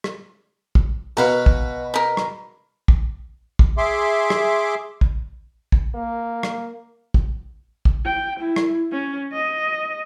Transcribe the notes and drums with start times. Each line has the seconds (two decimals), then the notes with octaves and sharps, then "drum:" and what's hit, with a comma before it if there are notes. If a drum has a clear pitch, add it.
0.04 drum: rim click
0.75 drum: kick
1.17 B2 A#4 B4 F5
1.46 drum: kick
1.94 A#4 B5
2.17 drum: rim click
2.88 drum: kick
3.59 drum: kick
3.78 G#4 E5 C6 D6
4.30 drum: rim click
5.01 drum: kick
5.72 drum: kick
5.95 A#3
6.43 drum: rim click
7.14 drum: kick
7.85 drum: kick
8.05 G5
8.40 E4
8.56 drum: rim click
8.92 C#4
9.33 D#5